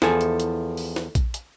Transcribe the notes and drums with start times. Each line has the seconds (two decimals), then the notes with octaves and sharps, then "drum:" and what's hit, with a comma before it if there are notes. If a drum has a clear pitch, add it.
0.02 E2 F3 E4 A4 G#5, drum: snare
0.21 drum: hi-hat
0.40 drum: hi-hat
0.77 drum: open hi-hat
0.96 drum: snare
1.15 drum: kick A#1, hi-hat
1.34 drum: hi-hat